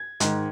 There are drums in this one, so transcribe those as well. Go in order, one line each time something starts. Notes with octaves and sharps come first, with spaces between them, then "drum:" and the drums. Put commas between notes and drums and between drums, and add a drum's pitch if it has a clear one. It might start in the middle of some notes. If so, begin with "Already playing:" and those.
Already playing: G#6
G#2 D#3, drum: hi-hat